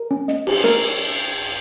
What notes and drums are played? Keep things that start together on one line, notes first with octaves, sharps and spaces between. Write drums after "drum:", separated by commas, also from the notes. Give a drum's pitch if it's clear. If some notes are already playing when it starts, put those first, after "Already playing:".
Already playing: A#4
C#4
D#5, drum: snare
G4, drum: cymbal
A#4, drum: snare